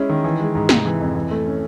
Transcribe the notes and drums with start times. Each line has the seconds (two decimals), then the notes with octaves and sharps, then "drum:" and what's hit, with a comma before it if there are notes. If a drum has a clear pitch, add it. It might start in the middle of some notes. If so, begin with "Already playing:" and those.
Already playing: G#3 C#4 E4
0.09 D#3
0.24 E3
0.39 G#3
0.55 G#2
0.69 C3, drum: snare
0.85 E3
1.01 F2
1.15 E3
1.31 A3
1.46 C#4